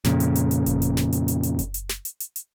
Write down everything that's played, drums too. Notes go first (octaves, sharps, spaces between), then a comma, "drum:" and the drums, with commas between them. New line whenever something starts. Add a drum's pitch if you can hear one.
F2 A#2 C#3, drum: snare
drum: hi-hat
drum: hi-hat
drum: hi-hat
drum: kick F#1, hi-hat
drum: hi-hat
drum: snare
drum: hi-hat
drum: hi-hat
drum: hi-hat
drum: kick F#1, hi-hat
drum: hi-hat
drum: snare
drum: hi-hat
drum: hi-hat
drum: hi-hat